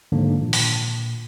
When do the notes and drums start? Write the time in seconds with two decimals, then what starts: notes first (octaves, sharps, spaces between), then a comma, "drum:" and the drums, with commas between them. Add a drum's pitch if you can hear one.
0.12 G#2 D3 D#3 F3 A#3 D4
0.41 A#2
0.53 drum: open hi-hat